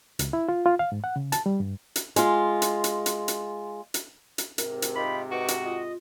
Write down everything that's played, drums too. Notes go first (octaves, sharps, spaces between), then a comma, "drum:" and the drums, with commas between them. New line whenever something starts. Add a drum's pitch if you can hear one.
C#2, drum: hi-hat
E4
F4
F4
F5
G#2
F#5
C#3
A5, drum: hi-hat
G3
G2
drum: hi-hat
G#3 F4, drum: hi-hat
drum: hi-hat
drum: hi-hat
drum: hi-hat
drum: hi-hat
drum: hi-hat
drum: hi-hat
G#2 C3 A#4, drum: hi-hat
drum: hi-hat
D#4 F4 G4 B5
D#4 F#4 B4 C#6 D6
drum: hi-hat
F4 D#5